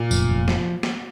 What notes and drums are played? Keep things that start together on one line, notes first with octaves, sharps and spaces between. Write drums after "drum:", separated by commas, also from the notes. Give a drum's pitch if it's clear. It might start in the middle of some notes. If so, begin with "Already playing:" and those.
Already playing: A#2
F1, drum: tambourine
F1
F3, drum: snare
drum: snare